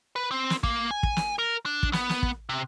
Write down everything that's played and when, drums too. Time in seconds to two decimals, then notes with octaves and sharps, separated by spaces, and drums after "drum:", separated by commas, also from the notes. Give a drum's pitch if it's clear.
0.16 B4
0.31 C4
0.50 drum: snare
0.63 A#3, drum: kick
0.91 G#5
1.03 drum: kick
1.17 drum: snare
1.39 A#4
1.66 D4
1.83 drum: kick
1.93 B3, drum: snare
2.09 drum: snare
2.23 drum: kick
2.49 C3